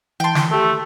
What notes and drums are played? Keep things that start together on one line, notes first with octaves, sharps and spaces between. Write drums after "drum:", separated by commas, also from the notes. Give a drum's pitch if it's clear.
E3 G5 A5 C6
drum: snare
A3 G4 A4